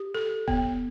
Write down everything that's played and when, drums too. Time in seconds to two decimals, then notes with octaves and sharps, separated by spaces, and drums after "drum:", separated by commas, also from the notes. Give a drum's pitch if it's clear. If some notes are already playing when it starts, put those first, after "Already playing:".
Already playing: G4
0.15 A4
0.48 B3, drum: kick E1